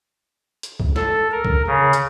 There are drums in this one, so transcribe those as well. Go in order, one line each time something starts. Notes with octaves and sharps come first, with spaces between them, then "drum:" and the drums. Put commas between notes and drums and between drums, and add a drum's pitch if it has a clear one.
drum: hi-hat
drum: kick C#2
A4, drum: snare
A#4
drum: kick C#2
C#3
drum: hi-hat